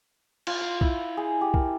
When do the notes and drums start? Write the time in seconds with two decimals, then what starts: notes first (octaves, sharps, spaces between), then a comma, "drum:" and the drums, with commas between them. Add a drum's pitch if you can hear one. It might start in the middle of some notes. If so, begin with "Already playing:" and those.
0.47 F4, drum: cymbal
0.61 C6
0.81 E4, drum: kick
1.17 G#4
1.41 G4
1.54 A#4, drum: kick